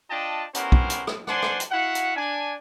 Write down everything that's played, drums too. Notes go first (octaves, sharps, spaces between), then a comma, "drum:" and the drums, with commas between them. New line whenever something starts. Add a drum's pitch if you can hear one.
D4 F4 D#5 G5 A5
B3 C#4 E4 G4 A#4 C5, drum: hi-hat
drum: kick
drum: hi-hat
drum: rim click
D4 C5 D5 F#5 G#5 C6, drum: rim click
drum: rim click
drum: hi-hat
E4 F#4 F5 F#5
drum: hi-hat
D4 G#5